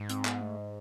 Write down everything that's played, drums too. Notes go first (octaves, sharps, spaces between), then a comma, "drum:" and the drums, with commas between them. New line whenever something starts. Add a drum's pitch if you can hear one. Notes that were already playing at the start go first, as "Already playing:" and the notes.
Already playing: G#2
C4, drum: hi-hat
B3, drum: clap
A3
G#3